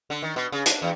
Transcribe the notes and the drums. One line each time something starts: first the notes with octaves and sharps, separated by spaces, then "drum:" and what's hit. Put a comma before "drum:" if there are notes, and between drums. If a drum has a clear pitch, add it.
D3
D#3
B2
C#3
D4, drum: hi-hat
E2